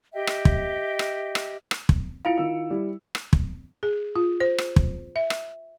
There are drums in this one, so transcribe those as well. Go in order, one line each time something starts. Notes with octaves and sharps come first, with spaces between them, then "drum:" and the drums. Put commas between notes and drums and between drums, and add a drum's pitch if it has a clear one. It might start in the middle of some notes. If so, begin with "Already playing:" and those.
G4 D#5 E5 G5
drum: rim click
drum: kick
drum: rim click
drum: rim click
drum: rim click
drum: kick
E4 F4 F5 C#7 D7 F7
D#3 E6
G3 E4
drum: rim click
drum: kick
G#4
F4
C5
drum: rim click
drum: kick
E5
drum: rim click